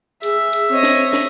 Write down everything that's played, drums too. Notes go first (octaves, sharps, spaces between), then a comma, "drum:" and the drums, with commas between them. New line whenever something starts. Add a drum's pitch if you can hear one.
G#4 E5, drum: hi-hat
drum: hi-hat
C4 C#5 D#5
drum: snare
drum: snare